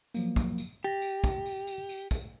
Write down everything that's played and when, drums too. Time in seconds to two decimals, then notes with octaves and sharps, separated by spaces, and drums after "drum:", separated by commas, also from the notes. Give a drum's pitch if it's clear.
0.15 F3 F#3 A#3, drum: tambourine
0.36 drum: kick, tambourine
0.58 drum: tambourine
0.84 G4 A6 A#6
1.02 drum: tambourine
1.24 drum: kick, tambourine
1.45 drum: tambourine
1.67 drum: tambourine
1.89 drum: tambourine
2.11 drum: kick, tambourine